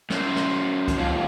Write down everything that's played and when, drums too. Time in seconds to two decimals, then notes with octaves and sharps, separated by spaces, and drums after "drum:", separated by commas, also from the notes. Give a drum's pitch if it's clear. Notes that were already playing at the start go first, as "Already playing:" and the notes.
0.10 F#2 C5, drum: snare
0.36 drum: snare
0.88 drum: kick C#2, hi-hat
0.97 D#2 F3